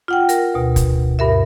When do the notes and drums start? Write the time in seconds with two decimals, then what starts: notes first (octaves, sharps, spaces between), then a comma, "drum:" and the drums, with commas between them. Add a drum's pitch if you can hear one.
0.08 F4 F#5 G5
0.29 A#4, drum: hi-hat
0.54 D2 B2
0.76 drum: kick, hi-hat
1.19 G2 A#4 E5